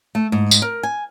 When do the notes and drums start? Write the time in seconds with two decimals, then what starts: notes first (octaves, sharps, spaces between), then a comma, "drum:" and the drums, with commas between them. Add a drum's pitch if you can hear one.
0.15 A3
0.32 G#2
0.51 drum: tambourine
0.62 A#4
0.83 G#5